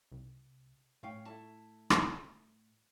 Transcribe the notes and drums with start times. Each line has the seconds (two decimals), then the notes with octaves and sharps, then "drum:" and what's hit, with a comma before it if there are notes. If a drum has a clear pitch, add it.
0.12 C2
1.03 A2 C#4 F5 G5
1.26 E4 A4 A5
1.90 drum: rim click